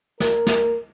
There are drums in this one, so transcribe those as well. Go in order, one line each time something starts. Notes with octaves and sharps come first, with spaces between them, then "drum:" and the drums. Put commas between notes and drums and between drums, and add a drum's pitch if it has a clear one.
A#4, drum: snare
drum: snare